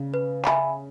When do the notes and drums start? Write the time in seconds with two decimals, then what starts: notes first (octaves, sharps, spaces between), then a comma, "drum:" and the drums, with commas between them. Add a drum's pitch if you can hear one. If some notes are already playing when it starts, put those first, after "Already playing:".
Already playing: C#3
0.14 B4
0.45 E5 G#5 B5, drum: clap